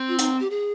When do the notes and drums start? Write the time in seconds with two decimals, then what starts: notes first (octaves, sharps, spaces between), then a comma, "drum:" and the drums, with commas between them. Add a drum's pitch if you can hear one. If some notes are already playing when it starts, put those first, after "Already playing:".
Already playing: C4
0.08 F4
0.19 D#4, drum: hi-hat
0.40 G4
0.50 G#4